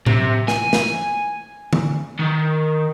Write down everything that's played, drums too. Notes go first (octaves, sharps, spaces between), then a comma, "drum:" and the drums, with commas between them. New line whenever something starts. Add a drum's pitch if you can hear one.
C3, drum: tom A2
G#5, drum: snare
drum: snare
drum: tom D3
D#3